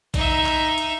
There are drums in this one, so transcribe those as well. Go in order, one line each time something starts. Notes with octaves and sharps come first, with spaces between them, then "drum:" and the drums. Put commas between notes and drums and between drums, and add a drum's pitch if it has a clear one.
D#4 E5, drum: kick, hi-hat
drum: clap
drum: hi-hat